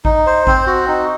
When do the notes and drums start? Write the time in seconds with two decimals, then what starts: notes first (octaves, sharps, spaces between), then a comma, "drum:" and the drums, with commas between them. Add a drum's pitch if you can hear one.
0.05 D#4, drum: kick A1
0.26 C5
0.47 C4, drum: kick A1
0.67 F#4
0.88 D#4